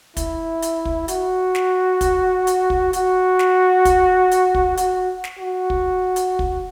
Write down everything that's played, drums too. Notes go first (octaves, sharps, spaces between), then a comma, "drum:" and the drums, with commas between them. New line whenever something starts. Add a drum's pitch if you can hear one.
E4, drum: kick, hi-hat
drum: hi-hat
drum: kick
F#4, drum: hi-hat
drum: snare
drum: kick, hi-hat
drum: hi-hat
drum: kick
F#4, drum: hi-hat
drum: snare
drum: kick, hi-hat
drum: hi-hat
drum: kick
F#4, drum: hi-hat
drum: snare
F#4
drum: kick
drum: hi-hat
drum: kick